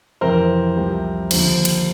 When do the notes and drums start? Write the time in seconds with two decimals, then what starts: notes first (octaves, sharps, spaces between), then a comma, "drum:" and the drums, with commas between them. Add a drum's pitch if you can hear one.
0.21 F2 C3 E3 A#4 C5
0.76 C2 C3 F3
1.31 D#2 D3 F3, drum: cymbal
1.65 drum: cymbal